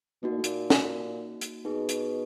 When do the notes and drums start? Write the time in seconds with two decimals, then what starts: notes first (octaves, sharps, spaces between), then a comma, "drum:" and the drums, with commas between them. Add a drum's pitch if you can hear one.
0.23 B2 A#3 D#4 F#4
0.31 A#2
0.37 A2
0.44 A#2, drum: hi-hat
0.70 drum: snare
1.41 drum: hi-hat
1.65 B2 D#4 G#4 B4
1.89 drum: hi-hat